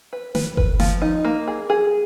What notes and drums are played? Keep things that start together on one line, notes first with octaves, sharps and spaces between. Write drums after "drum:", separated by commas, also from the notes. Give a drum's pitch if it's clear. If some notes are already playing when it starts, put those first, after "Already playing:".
B4
B4, drum: snare
B4, drum: kick F#1
F3, drum: snare
D#4
A#3
G#4
G#4